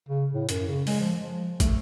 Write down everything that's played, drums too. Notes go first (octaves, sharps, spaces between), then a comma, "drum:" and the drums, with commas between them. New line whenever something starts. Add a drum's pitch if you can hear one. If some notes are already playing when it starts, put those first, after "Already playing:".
C#3
A2
F#2, drum: hi-hat
C#3
G#3, drum: open hi-hat
F3
F3
A3, drum: kick, hi-hat